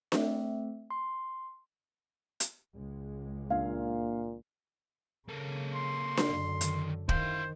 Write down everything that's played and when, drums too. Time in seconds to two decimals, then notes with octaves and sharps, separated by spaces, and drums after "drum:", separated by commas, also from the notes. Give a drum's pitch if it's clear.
0.12 A3 C4 E5, drum: snare D4
0.91 C6
2.40 drum: hi-hat
2.73 C#2 G#3
3.50 A#2 A#3 D4 F5
5.28 C#3 A#3 A4
5.75 C6
6.17 drum: snare D4
6.29 F#2 D3
6.61 D#3 E3, drum: hi-hat
7.09 D#3 E4 C5 F5, drum: kick